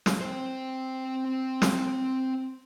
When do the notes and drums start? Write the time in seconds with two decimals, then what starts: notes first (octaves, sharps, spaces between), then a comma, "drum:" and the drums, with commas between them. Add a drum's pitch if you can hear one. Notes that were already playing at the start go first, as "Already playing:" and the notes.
0.06 drum: snare
0.21 C4 C5
1.62 drum: snare